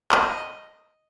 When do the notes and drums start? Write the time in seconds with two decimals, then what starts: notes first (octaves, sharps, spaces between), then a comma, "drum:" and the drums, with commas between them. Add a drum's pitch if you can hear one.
0.12 D#5, drum: clap